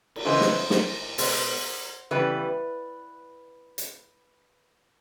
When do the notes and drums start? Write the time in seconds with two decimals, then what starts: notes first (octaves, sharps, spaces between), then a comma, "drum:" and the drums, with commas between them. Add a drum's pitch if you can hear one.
0.16 drum: cymbal
0.25 C#3 E3 G#3 B3 C5
0.41 drum: snare
0.70 drum: snare
1.18 B2 G#3 B3 C5, drum: open hi-hat
2.11 C#3 E3 G3 B3 B4
3.78 drum: hi-hat